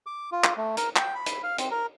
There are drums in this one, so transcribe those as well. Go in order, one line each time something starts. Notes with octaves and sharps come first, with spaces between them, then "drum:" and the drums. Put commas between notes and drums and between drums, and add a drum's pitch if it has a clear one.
D6
F4
drum: clap
A3
A#4, drum: hi-hat
G5, drum: clap
B5
drum: hi-hat
F5
C4, drum: hi-hat
A#4